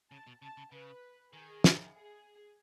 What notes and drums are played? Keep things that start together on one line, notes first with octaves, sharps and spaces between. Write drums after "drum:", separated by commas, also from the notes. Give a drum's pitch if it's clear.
C#3 A5
B2
C#3 A5
C#3
C#3 B4
D#3 G#4
drum: snare
G#4